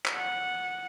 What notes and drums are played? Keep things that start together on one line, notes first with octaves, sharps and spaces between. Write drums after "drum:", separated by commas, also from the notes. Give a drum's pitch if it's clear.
drum: clap
F#5